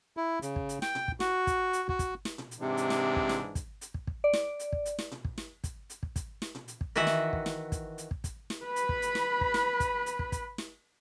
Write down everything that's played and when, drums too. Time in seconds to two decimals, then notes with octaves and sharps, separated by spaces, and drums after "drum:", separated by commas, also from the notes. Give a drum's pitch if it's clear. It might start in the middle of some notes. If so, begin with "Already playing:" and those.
0.17 E4
0.42 C#3, drum: hi-hat
0.56 drum: kick
0.69 drum: hi-hat
0.82 G5, drum: snare
0.95 drum: tom A#2
1.08 drum: kick
1.20 F#4, drum: snare
1.47 drum: kick, hi-hat
1.73 drum: hi-hat
1.89 F#4, drum: kick
1.99 drum: kick, hi-hat
2.25 drum: snare
2.38 drum: tom A#2
2.51 drum: hi-hat
2.60 G#2 C3 E3 D4
2.77 drum: hi-hat
2.90 drum: snare
3.16 drum: kick
3.29 drum: snare
3.55 drum: kick, hi-hat
3.81 drum: hi-hat
3.94 drum: kick
4.07 drum: kick
4.24 D5
4.33 drum: snare
4.59 drum: hi-hat
4.72 drum: kick
4.86 drum: hi-hat
4.99 drum: snare
5.12 drum: tom A#2
5.25 drum: kick
5.38 drum: snare
5.64 drum: kick, hi-hat
5.90 drum: hi-hat
6.03 drum: kick
6.16 drum: kick, hi-hat
6.42 drum: snare
6.55 drum: tom A#2
6.68 drum: hi-hat
6.81 drum: kick
6.96 D#3 E3 F#4 E5 F#5
7.07 drum: snare
7.33 drum: kick
7.46 drum: snare
7.72 drum: kick, hi-hat
7.98 drum: hi-hat
8.11 drum: kick
8.24 drum: kick, hi-hat
8.50 drum: snare
8.65 B4 B5
8.76 drum: hi-hat
8.89 drum: kick
9.02 drum: hi-hat
9.15 drum: snare
9.41 drum: kick
9.54 drum: snare
9.80 drum: kick, hi-hat
10.06 drum: hi-hat
10.19 drum: kick
10.32 drum: kick, hi-hat
10.58 drum: snare